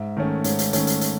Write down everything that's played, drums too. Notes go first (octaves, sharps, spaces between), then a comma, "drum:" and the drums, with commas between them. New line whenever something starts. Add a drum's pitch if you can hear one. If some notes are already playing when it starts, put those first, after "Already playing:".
Already playing: G#2 E5
D#3 A3 C#4
G#2 C#5, drum: hi-hat
drum: hi-hat
D#3 A3 C#4, drum: hi-hat
drum: hi-hat
drum: hi-hat